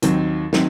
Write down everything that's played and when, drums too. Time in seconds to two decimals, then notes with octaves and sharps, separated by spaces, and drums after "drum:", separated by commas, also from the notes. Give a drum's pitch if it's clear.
0.02 D#2 D#3 F#3 C4, drum: hi-hat
0.53 D#3 F#3 C4, drum: snare